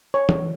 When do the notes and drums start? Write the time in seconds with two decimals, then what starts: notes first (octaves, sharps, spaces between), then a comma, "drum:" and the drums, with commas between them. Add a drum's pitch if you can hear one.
0.14 C#5
0.29 drum: tom E3